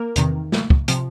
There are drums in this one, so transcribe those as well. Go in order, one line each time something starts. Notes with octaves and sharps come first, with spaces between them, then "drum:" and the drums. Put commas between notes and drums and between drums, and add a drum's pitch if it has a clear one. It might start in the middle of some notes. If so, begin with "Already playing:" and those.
Already playing: A#3 A#4
E2 C3 D#3, drum: hi-hat
drum: snare
drum: kick
C3 F3, drum: hi-hat